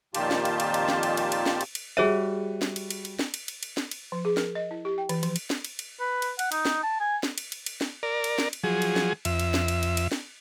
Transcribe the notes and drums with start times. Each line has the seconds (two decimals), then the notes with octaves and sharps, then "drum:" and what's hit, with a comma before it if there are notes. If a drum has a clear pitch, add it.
0.15 F2 A#2 D#3 F4 G4 A5, drum: cymbal
0.31 drum: snare
0.45 drum: cymbal
0.60 drum: cymbal
0.74 drum: cymbal
0.89 drum: snare
1.03 drum: cymbal
1.17 drum: cymbal
1.32 drum: cymbal
1.46 drum: snare
1.61 drum: cymbal
1.75 drum: cymbal
1.97 G3 F#4 G#4 C#5 E5 D#7
2.62 drum: snare
2.76 drum: cymbal
2.90 drum: cymbal
3.05 drum: cymbal
3.19 drum: snare
3.34 drum: cymbal
3.48 drum: cymbal
3.63 drum: cymbal
3.77 drum: snare
3.91 drum: cymbal
4.12 F3
4.25 G#4
4.37 A#4, drum: snare
4.55 D#5
4.71 E4
4.85 G4
4.98 G5
5.09 E3, drum: cymbal
5.23 F3, drum: cymbal
5.36 drum: cymbal
5.50 drum: snare
5.65 drum: cymbal
5.79 drum: cymbal
6.00 B4
6.22 drum: cymbal
6.39 F#5, drum: cymbal
6.52 D#4, drum: cymbal
6.65 drum: snare
6.83 A5
7.00 G#5
7.23 drum: snare
7.38 drum: cymbal
7.52 drum: cymbal
7.66 drum: cymbal
7.81 drum: snare
8.03 A#4 D5
8.24 drum: cymbal
8.39 drum: snare
8.53 drum: cymbal
8.64 F3 F#3 G#4
8.82 drum: cymbal
8.96 drum: snare
9.25 F2 E5, drum: cymbal
9.39 drum: cymbal
9.54 drum: snare
9.68 drum: cymbal
9.83 drum: cymbal
9.97 drum: cymbal
10.12 drum: snare